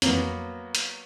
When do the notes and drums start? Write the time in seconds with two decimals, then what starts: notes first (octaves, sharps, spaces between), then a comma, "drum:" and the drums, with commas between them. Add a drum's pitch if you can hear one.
0.02 F2 E3 F#3 A#3 B3, drum: hi-hat
0.75 drum: hi-hat